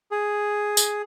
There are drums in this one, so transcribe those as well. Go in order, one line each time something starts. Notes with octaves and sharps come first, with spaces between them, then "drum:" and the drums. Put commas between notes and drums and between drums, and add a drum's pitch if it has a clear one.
G#4
drum: tambourine